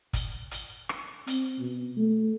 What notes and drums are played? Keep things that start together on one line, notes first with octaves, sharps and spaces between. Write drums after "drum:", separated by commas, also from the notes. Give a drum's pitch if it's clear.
drum: kick, hi-hat
drum: hi-hat
drum: rim click
C4, drum: hi-hat
B2
A3